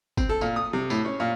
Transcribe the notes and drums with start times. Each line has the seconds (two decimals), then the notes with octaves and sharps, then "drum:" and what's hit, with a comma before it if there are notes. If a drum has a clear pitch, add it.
0.17 C4, drum: kick G1, tambourine
0.29 A4
0.41 A#2, drum: tambourine
0.56 D#6
0.73 C3
0.90 A2, drum: tambourine
1.05 C#4
1.20 A#2